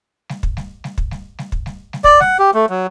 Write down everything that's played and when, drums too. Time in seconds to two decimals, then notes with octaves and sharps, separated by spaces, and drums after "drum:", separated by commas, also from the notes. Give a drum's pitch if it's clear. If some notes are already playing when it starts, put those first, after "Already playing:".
0.29 drum: snare G3
0.43 drum: kick
0.57 drum: snare G3
0.84 drum: snare G3
0.98 drum: kick
1.11 drum: snare G3
1.39 drum: snare G3
1.52 drum: kick
1.66 drum: snare G3
1.93 drum: snare G3
2.04 D5, drum: kick
2.20 F#5, drum: snare G3
2.39 G4
2.54 A3
2.70 F#3